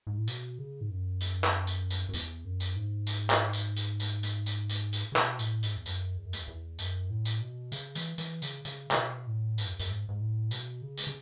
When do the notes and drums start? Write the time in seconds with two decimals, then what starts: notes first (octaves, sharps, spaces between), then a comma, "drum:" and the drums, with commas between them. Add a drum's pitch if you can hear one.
0.07 G#2
0.17 A2
0.28 B2, drum: tambourine
0.59 C#3
0.81 G#2
0.90 F#2
1.21 drum: tambourine
1.44 drum: clap
1.67 drum: tambourine
1.90 drum: tambourine
2.09 F#2
2.14 E2, drum: tambourine
2.45 F#2
2.60 drum: tambourine
2.76 G#2
3.07 drum: tambourine
3.30 drum: clap
3.53 drum: tambourine
3.77 drum: tambourine
4.00 drum: tambourine
4.23 drum: tambourine
4.46 drum: tambourine
4.70 drum: tambourine
4.93 drum: tambourine
5.12 C#3
5.16 B2, drum: clap
5.39 A2, drum: tambourine
5.63 G#2, drum: tambourine
5.77 E2
5.86 F#2, drum: tambourine
6.17 E2
6.25 F#2
6.33 E2, drum: tambourine
6.48 E2
6.79 F#2, drum: tambourine
7.10 A2
7.25 drum: tambourine
7.41 B2
7.72 C#3, drum: tambourine
7.95 E3, drum: tambourine
8.18 E3, drum: tambourine
8.42 C#3, drum: tambourine
8.65 C#3, drum: tambourine
8.91 C#3, drum: clap
8.96 B2
9.27 A2
9.58 G#2, drum: tambourine
9.65 F#2
9.73 E2
9.79 F#2, drum: tambourine
9.89 G#2
10.09 G#2
10.20 A2
10.51 B2, drum: tambourine
10.82 C#3
10.98 drum: tambourine
11.07 C#3